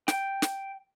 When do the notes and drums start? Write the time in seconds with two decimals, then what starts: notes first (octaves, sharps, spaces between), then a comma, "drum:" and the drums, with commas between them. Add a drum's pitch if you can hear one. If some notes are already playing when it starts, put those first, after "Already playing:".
0.08 G5, drum: snare
0.42 drum: snare